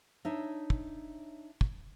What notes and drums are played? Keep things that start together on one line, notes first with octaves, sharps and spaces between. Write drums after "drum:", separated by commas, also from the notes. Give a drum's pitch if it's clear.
D4 D#4 C#5 E5
drum: kick
drum: kick